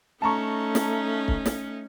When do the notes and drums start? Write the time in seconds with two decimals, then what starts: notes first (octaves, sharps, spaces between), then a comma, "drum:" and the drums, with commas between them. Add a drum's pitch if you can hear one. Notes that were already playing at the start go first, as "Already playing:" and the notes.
0.22 A3 C#4 D#4 A5 A#5 C#6
0.75 drum: snare
1.28 drum: kick
1.46 drum: snare